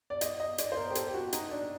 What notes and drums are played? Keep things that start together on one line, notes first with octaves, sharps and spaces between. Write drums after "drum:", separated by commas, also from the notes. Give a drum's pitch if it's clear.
D5
D#5, drum: hi-hat
D#5
D5, drum: hi-hat
C5
A#4
G4
A4, drum: hi-hat
G4
F#4
D#4, drum: hi-hat
D4